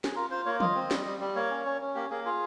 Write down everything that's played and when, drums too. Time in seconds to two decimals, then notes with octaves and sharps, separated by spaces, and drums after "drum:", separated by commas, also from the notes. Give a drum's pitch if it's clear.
0.04 G#4, drum: snare
0.15 F4 A#4
0.31 F4 C5
0.46 A#3 C#5
0.60 F4 D#5, drum: tom
0.75 C4
0.91 G3, drum: snare
1.06 G3
1.21 G3
1.36 A#3 C#5
1.50 C#4
1.66 C#4
1.81 C#4
1.95 A#3 G4
2.10 A#3 G#4
2.25 F4 G#4